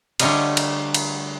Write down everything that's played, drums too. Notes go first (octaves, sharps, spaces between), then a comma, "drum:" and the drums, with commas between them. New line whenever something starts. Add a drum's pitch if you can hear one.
D3 G3 A3 C#5 D#5 F5, drum: cymbal
drum: cymbal
drum: cymbal